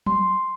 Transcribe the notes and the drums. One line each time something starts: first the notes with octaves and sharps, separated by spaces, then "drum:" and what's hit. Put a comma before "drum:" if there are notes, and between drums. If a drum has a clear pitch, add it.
C6, drum: tom F#3